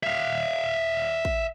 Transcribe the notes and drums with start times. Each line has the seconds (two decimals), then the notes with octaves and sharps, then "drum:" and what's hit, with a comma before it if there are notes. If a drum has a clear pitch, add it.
0.03 E5 F5
1.25 drum: kick